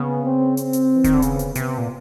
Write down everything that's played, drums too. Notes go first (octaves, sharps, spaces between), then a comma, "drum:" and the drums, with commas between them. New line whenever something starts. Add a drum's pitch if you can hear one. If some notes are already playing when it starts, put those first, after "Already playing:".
Already playing: C#3 B3
C4
C4, drum: hi-hat
drum: hi-hat
E3
D#3, drum: kick E1, hi-hat
D3
C#3 B3, drum: hi-hat
drum: hi-hat
C3 B3, drum: hi-hat
A#2